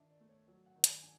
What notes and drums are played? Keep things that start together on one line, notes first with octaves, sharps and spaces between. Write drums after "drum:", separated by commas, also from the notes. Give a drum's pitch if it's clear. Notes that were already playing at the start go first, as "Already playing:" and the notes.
Already playing: D#3 D4 E5
D5
A3
C#5
F#3 C#5
F#5
D#3
G#5, drum: hi-hat
D4 G#5